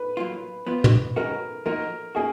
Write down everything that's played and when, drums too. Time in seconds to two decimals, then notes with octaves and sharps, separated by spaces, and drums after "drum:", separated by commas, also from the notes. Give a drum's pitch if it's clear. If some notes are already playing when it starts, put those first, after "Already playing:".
Already playing: B4
0.17 F#3 A#3 F4
0.67 F3 B3 F4
0.84 drum: tom
1.16 D#3 G#3 C#4 F#4 A#4
1.66 F3 A#3 D#4 F#4 A#4
2.15 A#3 C#4 F#4 G#4